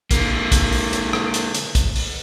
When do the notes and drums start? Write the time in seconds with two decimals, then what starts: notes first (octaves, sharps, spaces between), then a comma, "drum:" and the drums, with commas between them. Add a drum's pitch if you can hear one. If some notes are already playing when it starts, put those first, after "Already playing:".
0.11 D3 A#3, drum: kick, hi-hat
0.52 drum: kick, hi-hat
0.72 drum: open hi-hat
0.93 drum: hi-hat
1.13 drum: rim click
1.34 drum: hi-hat
1.54 drum: hi-hat
1.75 drum: kick, hi-hat
1.95 drum: open hi-hat